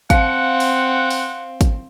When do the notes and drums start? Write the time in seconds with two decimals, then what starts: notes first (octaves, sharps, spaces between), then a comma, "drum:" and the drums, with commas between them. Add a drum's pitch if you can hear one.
0.10 C4 F5 F#5, drum: kick, hi-hat
0.60 drum: open hi-hat
1.10 drum: open hi-hat
1.61 drum: kick, hi-hat